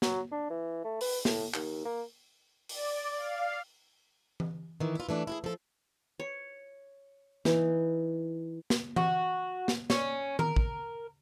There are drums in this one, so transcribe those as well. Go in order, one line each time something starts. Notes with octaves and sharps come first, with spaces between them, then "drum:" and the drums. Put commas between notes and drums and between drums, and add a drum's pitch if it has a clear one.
F#3, drum: snare
D4
E3
A3
B4, drum: open hi-hat
A2, drum: snare
D#2, drum: clap
A#3
D5, drum: open hi-hat
F5
drum: tom E3
D#3 E3
E4 F4
E3 A3 D4
E4 F#4 G#4
F3 A4
C#5
E3 D#4, drum: snare
drum: snare
F#4, drum: tom E3
drum: snare
C#4, drum: snare
A#4, drum: tom D#3
drum: kick